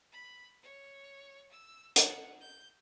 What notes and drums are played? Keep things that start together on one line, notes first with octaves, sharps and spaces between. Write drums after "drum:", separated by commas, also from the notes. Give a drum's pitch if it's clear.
B5
C#5
E6
F#5, drum: hi-hat
G6